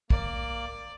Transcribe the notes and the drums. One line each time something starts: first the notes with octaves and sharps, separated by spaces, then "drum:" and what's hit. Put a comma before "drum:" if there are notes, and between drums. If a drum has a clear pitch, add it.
A#3 D5, drum: kick